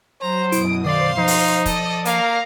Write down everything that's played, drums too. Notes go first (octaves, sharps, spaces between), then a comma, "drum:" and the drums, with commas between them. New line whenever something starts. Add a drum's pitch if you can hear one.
F#3 C5 A#5
F#2 B2 E4 D#6 D7, drum: hi-hat
D#3 C5 D5 F5 C6
F3 D#4
drum: open hi-hat
A4 D5 D#5 D#6, drum: kick, hi-hat
A#3 A#4 F5 A#5, drum: hi-hat